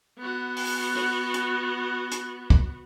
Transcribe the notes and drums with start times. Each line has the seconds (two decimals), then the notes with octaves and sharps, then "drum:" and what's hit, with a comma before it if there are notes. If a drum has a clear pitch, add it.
0.18 B3 F#4
0.57 drum: open hi-hat
0.95 drum: rim click
1.34 drum: hi-hat
2.12 drum: hi-hat
2.50 drum: kick